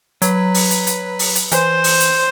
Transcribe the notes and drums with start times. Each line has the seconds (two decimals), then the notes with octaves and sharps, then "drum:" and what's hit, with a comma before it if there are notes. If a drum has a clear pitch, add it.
0.22 F#3 B4, drum: hi-hat
0.54 drum: open hi-hat
0.71 drum: hi-hat
0.87 drum: hi-hat
1.19 drum: open hi-hat
1.35 drum: hi-hat
1.51 E3 C5, drum: hi-hat
1.84 drum: open hi-hat
2.00 drum: hi-hat